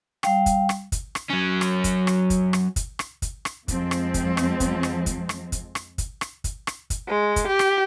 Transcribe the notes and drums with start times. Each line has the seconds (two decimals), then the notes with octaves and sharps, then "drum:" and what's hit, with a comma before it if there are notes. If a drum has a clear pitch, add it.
0.23 G3 F5 G5, drum: rim click
0.46 drum: kick, hi-hat
0.69 drum: rim click
0.92 drum: kick, hi-hat
1.15 drum: rim click
1.30 F#3 C#4
1.61 drum: rim click
1.84 drum: kick, hi-hat
2.07 drum: rim click
2.30 drum: kick, hi-hat
2.53 drum: rim click
2.76 drum: kick, hi-hat
2.99 drum: rim click
3.22 drum: kick, hi-hat
3.45 drum: rim click
3.68 F2 F3 G#3 C4, drum: kick, hi-hat
3.91 drum: rim click
4.14 drum: kick, hi-hat
4.37 drum: rim click
4.60 drum: kick, hi-hat
4.83 drum: rim click
5.06 drum: kick, hi-hat
5.29 drum: rim click
5.52 drum: kick, hi-hat
5.75 drum: rim click
5.98 drum: kick, hi-hat
6.21 drum: rim click
6.44 drum: kick, hi-hat
6.67 drum: rim click
6.90 drum: kick, hi-hat
7.08 G#3
7.36 drum: kick, hi-hat
7.47 G4
7.59 drum: rim click